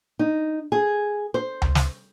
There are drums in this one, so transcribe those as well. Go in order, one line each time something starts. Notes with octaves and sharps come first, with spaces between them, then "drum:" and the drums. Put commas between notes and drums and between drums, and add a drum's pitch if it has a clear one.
D#4
G#4
C5
drum: tom C#2
drum: snare